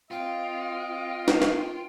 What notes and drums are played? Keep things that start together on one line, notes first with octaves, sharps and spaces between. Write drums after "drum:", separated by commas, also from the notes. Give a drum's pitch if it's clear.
C4 F4 D#5 G5
drum: snare
drum: snare